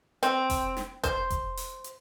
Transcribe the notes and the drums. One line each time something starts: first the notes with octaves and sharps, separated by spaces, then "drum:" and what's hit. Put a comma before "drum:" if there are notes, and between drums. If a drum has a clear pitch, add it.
C4, drum: hi-hat
drum: kick F1, open hi-hat
drum: snare
C5, drum: kick F1, hi-hat
drum: kick F1, hi-hat
drum: open hi-hat
drum: hi-hat